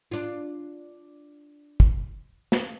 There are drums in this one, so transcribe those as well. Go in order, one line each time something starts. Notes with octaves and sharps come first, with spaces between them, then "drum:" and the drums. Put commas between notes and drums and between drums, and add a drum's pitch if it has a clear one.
D4 F4
drum: kick
drum: snare